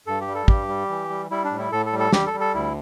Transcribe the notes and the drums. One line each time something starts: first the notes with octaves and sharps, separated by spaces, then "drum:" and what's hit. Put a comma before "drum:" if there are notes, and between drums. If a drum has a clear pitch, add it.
G2 A4
G4
G3
A4
G2 G4, drum: kick
G3
E3
G3
G3 E4
D4
A2
E4
A2 A4
A4
G3
A4
G3 G4, drum: snare
A4
G3
A4
D2 E4